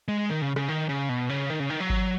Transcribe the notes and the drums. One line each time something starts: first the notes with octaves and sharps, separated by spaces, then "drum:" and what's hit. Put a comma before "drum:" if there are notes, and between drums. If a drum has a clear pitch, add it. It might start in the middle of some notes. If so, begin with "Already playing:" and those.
G#3
D#3
C#3
C#3, drum: rim click
D#3
C#3
B2
C#3
D#3
C#3
D#3
F#3
drum: kick G#1